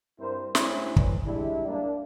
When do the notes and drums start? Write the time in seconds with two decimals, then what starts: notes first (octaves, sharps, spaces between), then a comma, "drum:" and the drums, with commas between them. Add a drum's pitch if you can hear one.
0.19 G2 C4 E4 A#4 C5
0.55 A2 G3 C#4 D4 E4 C5, drum: snare
0.96 E3, drum: kick
1.25 G3 G#3 D4 E4
1.67 A#3 D4